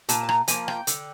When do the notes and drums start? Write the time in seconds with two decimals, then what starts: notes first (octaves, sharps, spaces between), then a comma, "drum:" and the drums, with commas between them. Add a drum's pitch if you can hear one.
0.09 A#2 A5, drum: hi-hat
0.23 A5
0.29 A#5, drum: rim click
0.48 F3 A#3 G#5, drum: hi-hat
0.68 G5, drum: rim click
0.87 D3, drum: hi-hat